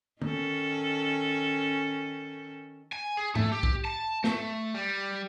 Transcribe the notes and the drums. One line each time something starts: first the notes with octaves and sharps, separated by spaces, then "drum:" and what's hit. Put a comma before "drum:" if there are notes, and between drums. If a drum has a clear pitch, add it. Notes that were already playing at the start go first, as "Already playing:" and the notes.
D#3 C#4 A4, drum: tom
G#5
G#4
A3, drum: tom G#2
G4
drum: kick B1
A5
A3, drum: snare
G3